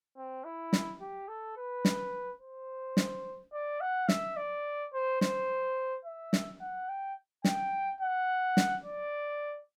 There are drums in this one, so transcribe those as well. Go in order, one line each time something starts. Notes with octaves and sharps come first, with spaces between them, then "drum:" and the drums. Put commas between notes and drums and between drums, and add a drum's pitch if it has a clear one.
C4
E4
drum: snare
G4
A4
B4
drum: snare
C5
drum: snare
D5
F#5
E5, drum: snare
D5
C5
C5, drum: snare
E5
drum: snare
F#5
G5
G5, drum: snare
F#5
drum: snare
D5